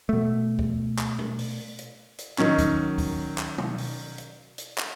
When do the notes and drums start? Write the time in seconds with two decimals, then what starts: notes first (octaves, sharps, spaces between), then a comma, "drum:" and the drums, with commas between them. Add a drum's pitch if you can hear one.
0.09 B2 A3
0.59 drum: kick C#2
0.99 drum: clap
1.19 drum: tom A#2
1.39 drum: open hi-hat
1.78 drum: hi-hat
2.18 drum: hi-hat
2.38 D#3 F#3 C#4, drum: clap
2.58 drum: kick C#2, hi-hat
2.98 drum: kick C#2, open hi-hat
3.38 drum: clap
3.58 drum: tom B2
3.78 drum: open hi-hat
4.18 drum: hi-hat
4.58 drum: hi-hat
4.78 drum: clap